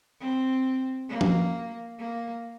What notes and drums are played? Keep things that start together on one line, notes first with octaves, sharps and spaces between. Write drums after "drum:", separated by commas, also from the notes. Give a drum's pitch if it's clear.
C4
A#3
drum: tom F3
A#3